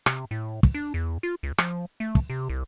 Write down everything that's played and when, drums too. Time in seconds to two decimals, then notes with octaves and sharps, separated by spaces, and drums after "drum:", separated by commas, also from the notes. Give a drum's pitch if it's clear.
0.06 C3, drum: rim click
0.31 A2
0.63 drum: kick
0.74 D4
0.94 E2
1.23 F4
1.43 C#2
1.58 F3, drum: rim click
2.00 A3
2.15 drum: kick
2.30 C3
2.49 C2